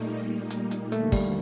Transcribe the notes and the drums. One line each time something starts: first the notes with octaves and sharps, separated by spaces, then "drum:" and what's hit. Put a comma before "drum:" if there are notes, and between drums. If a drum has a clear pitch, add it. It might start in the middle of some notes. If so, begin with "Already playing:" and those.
Already playing: A#2 G3 A3 A#3 D#4
drum: hi-hat
drum: hi-hat
D#2 D3 F3 A3 A#3, drum: hi-hat
G3, drum: kick, open hi-hat